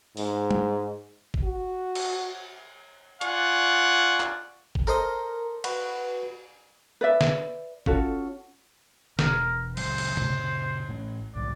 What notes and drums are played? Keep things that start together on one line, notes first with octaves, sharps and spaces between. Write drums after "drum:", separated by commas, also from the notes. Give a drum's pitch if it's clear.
G#2, drum: open hi-hat
drum: tom
drum: kick
F#4
drum: cymbal
F4 D5 F#5 G#5 C#6, drum: hi-hat
drum: clap
drum: kick
A4 A#4 C5 D#5
F#4 B4, drum: cymbal
B4 D5 E5
drum: snare
C#4 F4 F#4 A4, drum: kick
E1 A#4, drum: snare
A#2 C#3 F#3 C5, drum: cymbal
drum: cymbal
A#2 C#3, drum: tom C3
A2 A3 C#4
C2 A2 F#3 D5